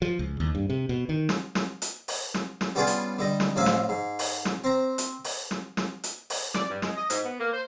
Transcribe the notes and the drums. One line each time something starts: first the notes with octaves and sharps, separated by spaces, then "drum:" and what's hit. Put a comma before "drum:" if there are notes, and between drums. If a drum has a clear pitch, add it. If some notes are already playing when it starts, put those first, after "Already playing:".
F3
C#2
D#2
G2
C3
B2
D#3
drum: snare
drum: snare
drum: hi-hat
drum: open hi-hat
drum: snare
drum: snare
G3 B3 C#4 D4 F4 G#4
drum: hi-hat
D3 G3 D#5
drum: snare
A1 F3 F#3 C#4 E5 F5
drum: snare
G#2
drum: open hi-hat
drum: snare
C4 A#5
drum: hi-hat
drum: open hi-hat
drum: snare
drum: snare
drum: hi-hat
drum: open hi-hat
D5, drum: snare
G2
G#3, drum: snare
D#5
G#2, drum: hi-hat
B3
A#3
C5